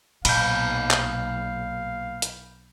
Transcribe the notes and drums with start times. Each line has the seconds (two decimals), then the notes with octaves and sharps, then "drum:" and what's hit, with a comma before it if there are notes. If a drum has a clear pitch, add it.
0.25 B1 A#2 F5 B5 G6, drum: cymbal
0.91 drum: clap
2.22 drum: hi-hat